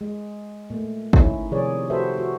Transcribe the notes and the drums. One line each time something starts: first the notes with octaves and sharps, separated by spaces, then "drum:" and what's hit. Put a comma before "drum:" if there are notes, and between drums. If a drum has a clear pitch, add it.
G#3
A#2 A3
C#4 D#4 E4, drum: kick
C3 D#3 F3 G#4 C#5 D5
F#4 G4 A4 B4 C5 E5
F#4